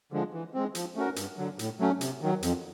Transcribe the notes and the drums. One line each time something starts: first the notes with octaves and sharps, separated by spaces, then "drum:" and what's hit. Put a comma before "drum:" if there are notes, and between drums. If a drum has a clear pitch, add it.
D3 F3 G#3
E3
G#3 C4
F3, drum: hi-hat
A3 C#4 F#4 A#4
G2, drum: hi-hat
D3 F#3
A2, drum: hi-hat
F#3 A3 C#4
C3, drum: hi-hat
D#3 F#3
F2, drum: hi-hat